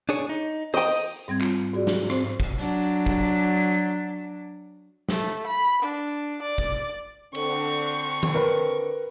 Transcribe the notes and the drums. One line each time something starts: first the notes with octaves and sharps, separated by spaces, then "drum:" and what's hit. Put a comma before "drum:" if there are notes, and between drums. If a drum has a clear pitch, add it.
D4 G#4 C#5
D#4
C5 D#5 G5 D#6, drum: open hi-hat
G#2 G3 C4 G#6
F4, drum: clap
G#2 F#4 G#4 D5
drum: snare
C4 C5, drum: rim click
drum: kick
F#3 D4, drum: open hi-hat
drum: kick
A3, drum: snare
B5
D4
D5
drum: kick
D3 C4 C#6, drum: cymbal
drum: tom D#3
A#4 B4